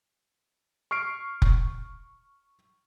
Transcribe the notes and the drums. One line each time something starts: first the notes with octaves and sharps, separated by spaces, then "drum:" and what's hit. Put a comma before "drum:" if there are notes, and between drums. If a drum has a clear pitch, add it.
C#6 F6 C7 D7
drum: kick F1